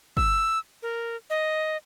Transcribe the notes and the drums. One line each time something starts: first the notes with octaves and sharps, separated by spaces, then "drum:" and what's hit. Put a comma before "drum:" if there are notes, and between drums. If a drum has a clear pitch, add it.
E6, drum: kick
A#4
D#5